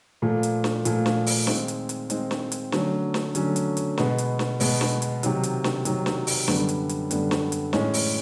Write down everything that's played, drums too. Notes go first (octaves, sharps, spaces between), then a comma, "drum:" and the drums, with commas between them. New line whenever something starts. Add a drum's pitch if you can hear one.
A#2 F3 A3
drum: hi-hat
drum: snare
A#2 F3 A3, drum: hi-hat
drum: snare
drum: open hi-hat
D#3 G#3 C4, drum: snare
drum: hi-hat
drum: hi-hat
D#3 G#3 C4, drum: hi-hat
drum: snare
drum: hi-hat
D3 F#3 A3 C#4, drum: snare
drum: snare
D3 F#3 A3 C#4, drum: hi-hat
drum: hi-hat
drum: hi-hat
B2 G#3 B3, drum: snare
drum: hi-hat
drum: snare
B2 G#3 B3, drum: open hi-hat
drum: snare
drum: hi-hat
C3 D#3 F#3, drum: hi-hat
drum: hi-hat
drum: snare
C3 D#3 F#3, drum: hi-hat
drum: snare
drum: open hi-hat
F#2 D3 G3 B3, drum: snare
drum: hi-hat
drum: hi-hat
F#2 D3 G3 B3, drum: hi-hat
drum: snare
drum: hi-hat
A2 E3 G#3 C#4, drum: snare
drum: open hi-hat